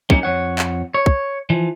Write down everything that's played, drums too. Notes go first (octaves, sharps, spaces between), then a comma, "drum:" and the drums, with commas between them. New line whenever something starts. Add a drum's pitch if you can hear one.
F#3 A#3 C#4 D#4, drum: kick
F2 C#5 F#5
drum: clap
C#5
drum: kick
E3 F3